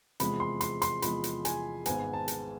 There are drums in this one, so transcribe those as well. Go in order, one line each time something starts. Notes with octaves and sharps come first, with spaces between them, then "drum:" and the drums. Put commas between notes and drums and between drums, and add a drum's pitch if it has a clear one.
E2 C3 F3 G#3 B5, drum: hi-hat
C6
C6, drum: hi-hat
C6, drum: hi-hat
E2 C3 F3 G#3 B5, drum: hi-hat
drum: hi-hat
G#5, drum: hi-hat
G#1 G#2 G#3 B3 G#5, drum: hi-hat
A5
drum: hi-hat